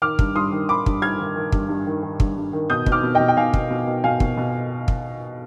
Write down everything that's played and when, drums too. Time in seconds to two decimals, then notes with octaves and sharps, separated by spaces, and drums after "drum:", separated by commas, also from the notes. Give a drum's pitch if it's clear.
0.02 D#3 D6 F6
0.19 G2, drum: kick
0.35 G2 C6 D#6
0.52 D#3
0.69 D#3 B5 D6
0.86 G2, drum: kick
1.02 G2 F6 G#6
1.19 D#3
1.36 D#3
1.52 G2, drum: kick
1.69 G2
1.87 D#3
2.03 D#3
2.20 G2, drum: kick
2.37 G2
2.53 D#3
2.70 B2 D#6 G6
2.86 B2, drum: kick
2.92 D6 F6
3.03 B2
3.15 D#5 G5
3.20 B2
3.28 G5
3.37 B2 F5 G#5
3.54 B2, drum: kick
3.70 B2
3.87 B2
4.04 B2 F5 G#5
4.20 B2, drum: kick
4.37 B2
4.88 drum: kick